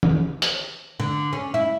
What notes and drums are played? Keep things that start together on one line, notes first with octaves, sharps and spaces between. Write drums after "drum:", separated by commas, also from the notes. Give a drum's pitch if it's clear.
drum: tom
drum: hi-hat
D3
C#4
E4